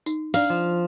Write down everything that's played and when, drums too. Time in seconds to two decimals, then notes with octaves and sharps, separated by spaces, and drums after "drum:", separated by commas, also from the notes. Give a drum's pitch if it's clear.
0.06 D#4, drum: tambourine
0.34 D4 D5 F5, drum: open hi-hat
0.50 F3